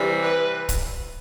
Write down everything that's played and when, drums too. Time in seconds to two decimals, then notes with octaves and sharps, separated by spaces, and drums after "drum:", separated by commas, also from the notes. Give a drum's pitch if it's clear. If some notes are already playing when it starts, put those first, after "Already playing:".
Already playing: C3 E3 G3
0.20 B4
0.69 drum: kick, hi-hat